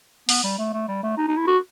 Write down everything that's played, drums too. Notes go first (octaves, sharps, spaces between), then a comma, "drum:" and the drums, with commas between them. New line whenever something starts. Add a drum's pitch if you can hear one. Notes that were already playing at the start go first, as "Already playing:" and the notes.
B3, drum: open hi-hat
G3
A3
A3
G3
A3
D#4
D#4
E4
F#4